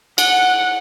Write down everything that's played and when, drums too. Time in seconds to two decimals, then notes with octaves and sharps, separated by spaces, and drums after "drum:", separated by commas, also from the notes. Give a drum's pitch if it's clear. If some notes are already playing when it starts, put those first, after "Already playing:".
0.18 F#5, drum: cymbal